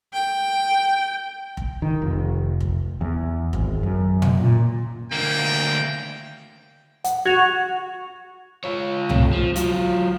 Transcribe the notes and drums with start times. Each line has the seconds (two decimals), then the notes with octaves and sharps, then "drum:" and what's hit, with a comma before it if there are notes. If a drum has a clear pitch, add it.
0.13 G5
1.57 drum: kick F1
1.82 D#3
2.02 F1
2.61 drum: kick F1
3.01 E2
3.53 G#1, drum: kick F1
3.83 F#2
4.22 drum: tom
4.40 A#2
5.12 D2 A#3 G5
7.04 F#5, drum: hi-hat
7.25 F#4 G#6 F7
8.64 F4 C#5
9.09 C3 A3, drum: tom C2
9.33 F3
9.56 F#3 F4, drum: hi-hat